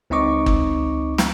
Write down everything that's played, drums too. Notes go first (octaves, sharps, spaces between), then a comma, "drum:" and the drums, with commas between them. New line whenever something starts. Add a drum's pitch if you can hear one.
C#2 C4 D#4 D#5 C#6 D6
drum: kick
drum: snare